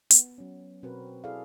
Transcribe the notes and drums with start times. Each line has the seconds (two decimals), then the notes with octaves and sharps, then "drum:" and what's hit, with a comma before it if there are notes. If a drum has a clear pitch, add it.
0.11 B3, drum: hi-hat
0.38 F#3 C#4
0.83 B2 C4 F#4 A#4 B4
1.24 E4 G#4 A4 D5 E5 F5